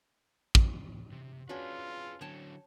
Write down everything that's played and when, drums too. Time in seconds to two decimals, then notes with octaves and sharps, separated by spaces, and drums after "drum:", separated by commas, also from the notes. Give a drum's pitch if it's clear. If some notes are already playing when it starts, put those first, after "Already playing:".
0.55 drum: kick
1.12 C3
1.49 C#4 D4 F4 F#4 G#4 B4
2.21 D3 F#3 C#5 G5 A5